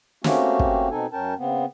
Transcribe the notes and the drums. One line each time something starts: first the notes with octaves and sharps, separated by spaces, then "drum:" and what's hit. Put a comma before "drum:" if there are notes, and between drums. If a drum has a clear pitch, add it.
A3 A#3 C4 C#4 F#4 G4, drum: snare
drum: kick
B2 C4 D#4 A4 G#5
F#2 C#4 A#4 G5 A5
C#3 B3 C4